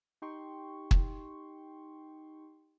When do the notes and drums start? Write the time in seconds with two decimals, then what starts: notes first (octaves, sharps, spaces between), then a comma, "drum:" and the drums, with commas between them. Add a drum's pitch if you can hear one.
0.22 D#4 G4 G5 C6 C#6
0.91 drum: kick